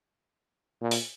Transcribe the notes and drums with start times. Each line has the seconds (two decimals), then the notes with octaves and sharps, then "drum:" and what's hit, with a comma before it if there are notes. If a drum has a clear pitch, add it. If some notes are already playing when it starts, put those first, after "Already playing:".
0.81 A#2
0.91 drum: open hi-hat